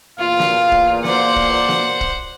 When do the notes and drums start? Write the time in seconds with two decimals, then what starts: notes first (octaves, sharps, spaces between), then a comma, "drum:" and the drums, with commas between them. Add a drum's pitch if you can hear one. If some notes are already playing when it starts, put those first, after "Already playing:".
0.19 E2 A#2 F4 F5
0.39 drum: snare
0.72 drum: kick
1.04 C5 D5 F#5, drum: snare
1.36 drum: kick
1.69 drum: snare
2.01 drum: kick